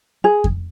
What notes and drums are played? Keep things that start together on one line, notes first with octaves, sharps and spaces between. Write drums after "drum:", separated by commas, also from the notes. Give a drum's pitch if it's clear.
G#4
drum: kick F2